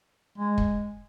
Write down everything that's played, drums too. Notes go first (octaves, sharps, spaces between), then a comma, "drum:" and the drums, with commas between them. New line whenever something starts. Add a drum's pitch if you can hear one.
G#3
drum: kick